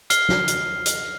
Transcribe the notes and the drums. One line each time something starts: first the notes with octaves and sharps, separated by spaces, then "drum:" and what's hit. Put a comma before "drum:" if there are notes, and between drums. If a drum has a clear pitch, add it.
F6 C7 G7, drum: hi-hat
drum: snare
drum: hi-hat
drum: hi-hat